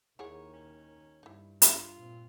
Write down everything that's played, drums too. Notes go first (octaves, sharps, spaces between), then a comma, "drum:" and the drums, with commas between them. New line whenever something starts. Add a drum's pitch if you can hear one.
D#2 D#3 E4 G#4 C#5 F#5
C#4
G2 D#4 E4
D4 F4 E5, drum: hi-hat
A#2 C4